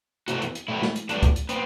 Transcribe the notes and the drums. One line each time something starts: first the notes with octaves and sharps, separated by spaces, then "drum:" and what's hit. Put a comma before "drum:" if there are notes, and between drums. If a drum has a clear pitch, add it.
E2 C3 E3 A3 F#4, drum: hi-hat
drum: hi-hat
drum: hi-hat
A2 G3 B3 E4
drum: snare
drum: hi-hat
A2 E3 G3 B3 D4, drum: hi-hat
drum: kick, hi-hat
drum: hi-hat
B3 C4, drum: hi-hat